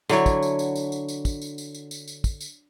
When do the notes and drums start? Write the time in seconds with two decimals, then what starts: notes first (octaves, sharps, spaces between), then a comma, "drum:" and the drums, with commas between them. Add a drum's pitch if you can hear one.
0.09 D3 F#3 E4 C#5, drum: tambourine
0.26 drum: kick, tambourine
0.42 drum: tambourine
0.59 drum: tambourine
0.75 drum: tambourine
0.92 drum: tambourine
1.08 drum: tambourine
1.25 drum: kick, tambourine
1.41 drum: tambourine
1.58 drum: tambourine
1.75 drum: tambourine
1.91 drum: tambourine
2.08 drum: tambourine
2.24 drum: kick, tambourine
2.41 drum: tambourine